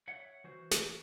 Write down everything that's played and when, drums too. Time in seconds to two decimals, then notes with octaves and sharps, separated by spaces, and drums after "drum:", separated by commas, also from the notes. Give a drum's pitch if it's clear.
0.08 C#5 E5 F#5
0.44 E3 F#4 C5
0.71 drum: snare